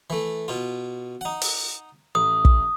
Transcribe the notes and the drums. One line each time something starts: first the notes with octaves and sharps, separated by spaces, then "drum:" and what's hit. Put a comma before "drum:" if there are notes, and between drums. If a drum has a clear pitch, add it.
E3 A3
B2 F4
D#4 F#5
drum: open hi-hat
A1 D#6
drum: kick